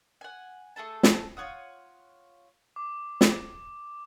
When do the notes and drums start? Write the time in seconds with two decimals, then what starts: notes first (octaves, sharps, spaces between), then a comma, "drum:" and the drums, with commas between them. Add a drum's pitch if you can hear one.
0.21 F#5 G#5
0.76 A3 G#4 A4 A5
1.03 drum: snare
1.37 F4 C#5 F#5 D#6
2.76 D6
3.21 drum: snare